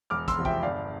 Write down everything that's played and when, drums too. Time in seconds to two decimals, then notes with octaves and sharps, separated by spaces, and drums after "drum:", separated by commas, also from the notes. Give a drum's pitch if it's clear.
0.10 E1 D6 F6
0.28 C6 E6, drum: kick, hi-hat
0.37 E2 C3 F3
0.45 E5 G5, drum: kick
0.62 G1 D5 F5